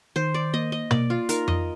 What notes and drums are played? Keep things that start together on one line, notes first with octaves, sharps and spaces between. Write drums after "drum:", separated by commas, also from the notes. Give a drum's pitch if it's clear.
D#3 C5
D5
A#3 D#5
D#5
A#3 D5, drum: tom B2
F4
D#4 A#4, drum: hi-hat
D#5, drum: tom F2